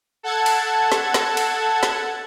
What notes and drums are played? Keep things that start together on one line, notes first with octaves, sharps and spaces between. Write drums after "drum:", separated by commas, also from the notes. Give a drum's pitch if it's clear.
A4 F#5 A5 G#6
drum: cymbal
drum: snare
drum: snare
drum: cymbal
drum: snare